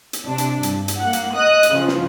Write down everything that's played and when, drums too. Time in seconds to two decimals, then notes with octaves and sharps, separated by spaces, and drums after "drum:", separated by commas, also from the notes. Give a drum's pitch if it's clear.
0.13 drum: hi-hat
0.23 C3 D4
0.38 drum: hi-hat
0.63 G2, drum: hi-hat
0.88 drum: hi-hat
1.00 A#3 F#5
1.13 drum: hi-hat
1.35 D#5 D#6 F#6
1.63 drum: hi-hat
1.74 C#3 F3
1.88 drum: snare